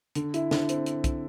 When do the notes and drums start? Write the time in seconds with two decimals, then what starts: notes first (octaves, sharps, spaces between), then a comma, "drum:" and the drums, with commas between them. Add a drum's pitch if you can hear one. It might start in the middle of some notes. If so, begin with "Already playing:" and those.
0.15 D3, drum: hi-hat
0.34 E4, drum: hi-hat
0.51 D3, drum: snare
0.69 C4, drum: hi-hat
0.86 drum: hi-hat
1.04 drum: kick, hi-hat